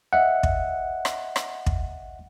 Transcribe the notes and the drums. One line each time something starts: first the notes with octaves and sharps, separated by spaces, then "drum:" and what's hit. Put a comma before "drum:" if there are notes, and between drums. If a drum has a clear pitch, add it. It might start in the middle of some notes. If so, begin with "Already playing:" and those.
D#5 E5 F#5
drum: kick
drum: rim click
drum: rim click
drum: kick